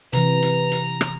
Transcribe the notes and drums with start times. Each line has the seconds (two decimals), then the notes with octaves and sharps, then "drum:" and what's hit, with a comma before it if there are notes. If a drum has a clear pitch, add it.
0.13 C3 E3 B4 A#5, drum: hi-hat
0.42 drum: hi-hat
0.71 drum: hi-hat
1.01 drum: rim click